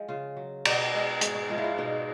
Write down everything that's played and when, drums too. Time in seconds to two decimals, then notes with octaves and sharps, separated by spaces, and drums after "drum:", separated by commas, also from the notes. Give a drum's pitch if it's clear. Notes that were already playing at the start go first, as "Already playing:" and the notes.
Already playing: F3 G#3
0.08 C#3 F4
0.37 F#3
0.65 B2 G4, drum: cymbal
0.94 G#3
1.21 G#2 G#4, drum: hi-hat
1.35 F#4
1.50 F3 G#3 F4
1.58 E4
1.64 F4
1.78 B2 D#4